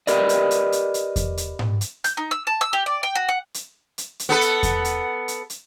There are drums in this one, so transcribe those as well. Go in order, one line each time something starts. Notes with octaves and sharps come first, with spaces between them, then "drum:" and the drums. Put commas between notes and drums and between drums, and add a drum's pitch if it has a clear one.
G4 A#4 B4 D5 D#5, drum: hi-hat
drum: hi-hat
drum: hi-hat
drum: hi-hat
drum: hi-hat
drum: kick E2, hi-hat
drum: hi-hat
drum: tom G#2
drum: hi-hat
G6, drum: hi-hat
D#4
E6
A5
E6
G4
D5
G5
F#4
F#5
drum: hi-hat
drum: hi-hat
drum: hi-hat
B3 A4 B4
drum: hi-hat
drum: kick E2, hi-hat
drum: hi-hat
drum: hi-hat
drum: hi-hat